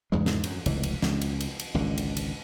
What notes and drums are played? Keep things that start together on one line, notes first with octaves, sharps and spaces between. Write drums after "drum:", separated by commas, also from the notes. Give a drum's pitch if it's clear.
E2 G#2 C#3 G#3
drum: snare
F#2, drum: cymbal
F1 C#2 E3, drum: cymbal
drum: cymbal
C#2, drum: snare
drum: cymbal
drum: cymbal
drum: cymbal
G#1 C#2 D3
drum: cymbal
drum: cymbal